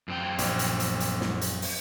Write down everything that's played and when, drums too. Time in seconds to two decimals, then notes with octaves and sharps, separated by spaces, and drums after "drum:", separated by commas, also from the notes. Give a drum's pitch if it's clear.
0.08 F#2 C4 G5
0.38 A#1, drum: hi-hat
0.59 drum: hi-hat
0.80 drum: hi-hat
1.00 drum: hi-hat
1.21 drum: snare
1.41 drum: hi-hat
1.62 drum: open hi-hat